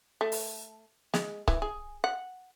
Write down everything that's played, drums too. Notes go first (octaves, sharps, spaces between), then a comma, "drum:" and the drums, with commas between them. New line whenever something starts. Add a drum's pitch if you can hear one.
A3
drum: open hi-hat
G#3, drum: snare
E3, drum: kick C#1
G#4
F#5